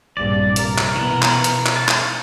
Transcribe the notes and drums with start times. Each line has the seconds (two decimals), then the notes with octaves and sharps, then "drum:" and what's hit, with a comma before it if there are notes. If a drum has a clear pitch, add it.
0.17 A#1 G2 C3 D5
0.56 A#4, drum: hi-hat
0.78 drum: clap
0.96 B2 E3 B3
1.22 drum: clap
1.44 drum: hi-hat
1.66 drum: clap
1.76 A5
1.88 drum: clap